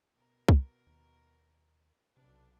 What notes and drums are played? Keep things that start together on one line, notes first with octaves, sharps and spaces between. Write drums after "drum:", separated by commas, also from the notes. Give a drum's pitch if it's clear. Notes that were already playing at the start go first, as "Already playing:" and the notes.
B2 A#4
drum: kick C2
D#2
B1 C3 D4